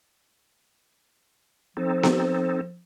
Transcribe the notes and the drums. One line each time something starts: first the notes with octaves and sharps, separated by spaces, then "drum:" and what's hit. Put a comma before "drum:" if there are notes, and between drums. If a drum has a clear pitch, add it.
F3 C4 D#4 A4
drum: snare B3